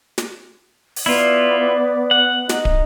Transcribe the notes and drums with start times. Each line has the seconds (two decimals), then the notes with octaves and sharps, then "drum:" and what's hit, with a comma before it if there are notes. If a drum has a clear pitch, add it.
0.18 drum: snare
0.96 drum: open hi-hat
1.06 B3 E4 F4 D5
2.11 F#5
2.49 D#4, drum: snare
2.65 drum: kick